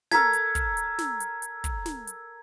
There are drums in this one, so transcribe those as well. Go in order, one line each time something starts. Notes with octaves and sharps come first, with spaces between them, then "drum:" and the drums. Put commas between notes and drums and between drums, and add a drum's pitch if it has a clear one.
A4 A#4 A5 G#6 B6, drum: snare
drum: hi-hat
drum: kick, hi-hat
drum: hi-hat
drum: snare
drum: hi-hat
drum: hi-hat
drum: kick, hi-hat
drum: snare
drum: hi-hat